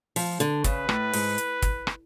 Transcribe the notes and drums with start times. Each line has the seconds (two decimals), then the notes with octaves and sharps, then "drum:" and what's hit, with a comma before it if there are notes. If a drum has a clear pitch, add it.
0.16 F3, drum: open hi-hat
0.40 D3, drum: hi-hat
0.64 C#3 B4, drum: kick, hi-hat
0.89 A2, drum: rim click
1.13 G#2, drum: open hi-hat
1.38 drum: hi-hat
1.62 drum: kick, hi-hat
1.87 drum: rim click